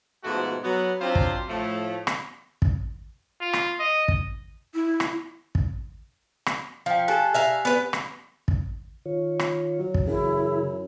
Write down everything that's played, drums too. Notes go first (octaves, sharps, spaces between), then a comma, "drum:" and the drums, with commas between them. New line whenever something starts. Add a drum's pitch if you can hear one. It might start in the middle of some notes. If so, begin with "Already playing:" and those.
G#2 B2 F3 A3 F#4
F#3 B3
F#3 C4 D4 F4 G4 C5
drum: kick
A2 F3 A3
drum: rim click
drum: kick
F4
drum: rim click
D#5
drum: kick
E4
drum: rim click
drum: kick
drum: rim click
F3 F5 G5
G4 A4 G#5 F#6
E5 F5 A#5
B3 B4
drum: rim click
drum: kick
D#3 F4 C#5
drum: rim click
F#3
drum: kick
F#2 C#3 E3 E4 G#4